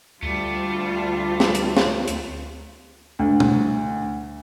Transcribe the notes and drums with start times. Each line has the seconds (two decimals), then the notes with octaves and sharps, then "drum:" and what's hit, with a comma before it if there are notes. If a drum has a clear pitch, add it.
0.23 D2 G3 A3 F4
1.40 drum: snare
1.55 drum: hi-hat
1.77 drum: snare
2.08 drum: hi-hat
3.19 D2
3.40 drum: tom